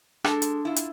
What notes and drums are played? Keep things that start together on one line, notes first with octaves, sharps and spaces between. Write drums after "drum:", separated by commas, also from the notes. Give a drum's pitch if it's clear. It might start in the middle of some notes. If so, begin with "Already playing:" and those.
G#3 D4 A4, drum: rim click
drum: hi-hat
E4 F4
drum: hi-hat